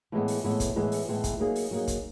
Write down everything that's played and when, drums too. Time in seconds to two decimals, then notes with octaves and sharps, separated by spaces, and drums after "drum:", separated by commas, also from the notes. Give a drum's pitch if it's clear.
0.12 A2 E3 G#3 B3
0.28 drum: open hi-hat
0.44 A2 E3 G#3 B3
0.60 drum: kick, hi-hat
0.76 A2 E3 G#3 B3
0.92 drum: open hi-hat
1.08 A2 E3 G#3 B3
1.24 drum: kick, hi-hat
1.40 F#3 A#3 D#4 G#4
1.56 drum: open hi-hat
1.71 F#3 A#3 D#4 G#4
1.88 drum: kick, hi-hat